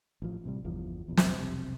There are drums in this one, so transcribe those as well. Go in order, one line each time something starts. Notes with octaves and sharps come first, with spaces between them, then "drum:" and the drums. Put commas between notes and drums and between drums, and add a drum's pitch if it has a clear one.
A1 F3
A1 C3 G3
G1 E2 F3
F1 A#1 E2
drum: snare
E1 B1 F2 C3